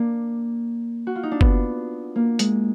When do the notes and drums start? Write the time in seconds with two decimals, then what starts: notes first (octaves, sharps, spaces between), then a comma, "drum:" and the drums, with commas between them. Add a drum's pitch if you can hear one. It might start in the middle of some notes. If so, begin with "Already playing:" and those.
Already playing: A#3 D4 F4
1.07 F#4
1.15 F4
1.23 D#4
1.31 D4
1.41 B3, drum: kick F#1
2.16 A#3
2.39 G#3, drum: hi-hat